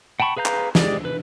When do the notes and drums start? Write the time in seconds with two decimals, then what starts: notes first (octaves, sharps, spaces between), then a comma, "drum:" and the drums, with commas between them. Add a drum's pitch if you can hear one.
0.20 F#5 G5 A5 B5 C#6
0.36 G#4 B4 F5 A#5 G6
0.46 drum: clap
0.75 G#3 G4 G#4 D5, drum: snare
1.05 B4